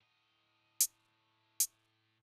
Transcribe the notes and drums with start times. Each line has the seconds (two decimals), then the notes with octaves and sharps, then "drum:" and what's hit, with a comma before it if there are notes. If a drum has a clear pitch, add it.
0.01 A2 D#5
0.80 drum: hi-hat
1.60 drum: hi-hat